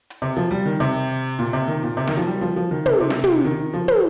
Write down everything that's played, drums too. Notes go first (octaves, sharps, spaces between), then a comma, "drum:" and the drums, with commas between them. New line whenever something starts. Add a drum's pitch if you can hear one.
drum: hi-hat
C3
F3
G3
D#3
C3
A#2
C3
D#3
A#2
C3
D#3, drum: snare
F3
G3
F3
F3
D#3
C3, drum: tom
C3
drum: snare
drum: tom
D#3
F3
drum: tom